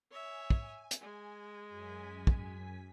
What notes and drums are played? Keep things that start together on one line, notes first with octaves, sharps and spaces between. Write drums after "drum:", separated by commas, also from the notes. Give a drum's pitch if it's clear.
C#5 E5 G#5
drum: kick
drum: hi-hat
G#3
F#2 G#5 B6
drum: kick